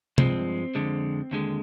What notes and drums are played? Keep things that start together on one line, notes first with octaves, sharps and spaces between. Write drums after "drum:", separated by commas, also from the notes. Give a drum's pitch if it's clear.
G2 F3 G#3 C4, drum: tom C3
F2 D3 G#3
D#2 D3 G#3